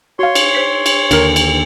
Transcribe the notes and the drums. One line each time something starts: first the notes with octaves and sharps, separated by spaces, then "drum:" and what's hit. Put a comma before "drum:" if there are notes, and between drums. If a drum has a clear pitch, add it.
F#4 C#5 F5 C6
drum: cymbal
C5 B6 C7
drum: cymbal
D#2 D3 D4 A4 A#4, drum: cymbal
drum: cymbal